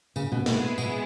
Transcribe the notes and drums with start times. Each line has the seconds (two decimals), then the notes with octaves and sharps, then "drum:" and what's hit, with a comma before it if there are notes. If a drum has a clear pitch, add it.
0.16 C#3, drum: tambourine
0.32 B2
0.46 B2 G#3 B3 E4 G#4, drum: snare
0.78 B2, drum: tambourine